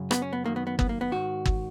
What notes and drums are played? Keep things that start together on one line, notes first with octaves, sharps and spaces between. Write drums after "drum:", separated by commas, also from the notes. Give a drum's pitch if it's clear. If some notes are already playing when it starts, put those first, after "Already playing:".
Already playing: F#2 C#3
B3, drum: rim click
C#4
B3
F#2 D#3 A#3
B3
B3
B3, drum: kick
A#3
B3
G#2 D#3 F#4
drum: kick